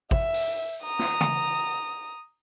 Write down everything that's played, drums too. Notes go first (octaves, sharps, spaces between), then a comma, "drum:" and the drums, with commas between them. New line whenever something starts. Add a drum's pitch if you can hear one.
E5, drum: kick
drum: open hi-hat
A#5 D#6
drum: snare
drum: tom